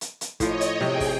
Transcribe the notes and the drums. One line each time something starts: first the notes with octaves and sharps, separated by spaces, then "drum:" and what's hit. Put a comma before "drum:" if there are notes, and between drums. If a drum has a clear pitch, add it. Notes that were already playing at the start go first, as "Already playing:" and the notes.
drum: hi-hat
drum: hi-hat
A2 F3 C#5 D#5, drum: kick, hi-hat
drum: hi-hat
C3 G#4 G5, drum: snare B3
drum: kick, open hi-hat